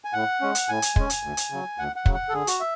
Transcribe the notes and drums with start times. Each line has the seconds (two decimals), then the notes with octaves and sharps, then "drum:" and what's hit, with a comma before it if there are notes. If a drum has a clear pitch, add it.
0.04 G#5
0.13 A2 F#5
0.41 G#3 C#4
0.55 drum: hi-hat
0.69 A2 G#5
0.82 drum: hi-hat
0.96 G#3 C#4, drum: kick
1.10 drum: hi-hat
1.23 D2
1.37 drum: hi-hat
1.50 C#3 F#3
1.78 D2 F#5
1.96 F#5
2.06 C#3 F#3, drum: kick
2.14 F#5
2.29 A4
2.33 D3 G#4
2.47 F#4, drum: hi-hat
2.60 E5